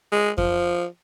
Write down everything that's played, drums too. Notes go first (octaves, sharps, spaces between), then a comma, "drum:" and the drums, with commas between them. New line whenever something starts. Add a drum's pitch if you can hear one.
G#3
F3, drum: kick F2